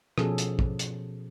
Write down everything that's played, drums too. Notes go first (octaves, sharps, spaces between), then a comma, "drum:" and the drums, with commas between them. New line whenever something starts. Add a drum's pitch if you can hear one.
B2 F3 C#4 G#4 A4, drum: rim click
drum: hi-hat
drum: kick
drum: hi-hat